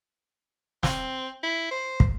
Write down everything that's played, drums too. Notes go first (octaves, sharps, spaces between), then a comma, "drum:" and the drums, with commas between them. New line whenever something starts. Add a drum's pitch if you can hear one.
C4, drum: snare
E4
C5
drum: kick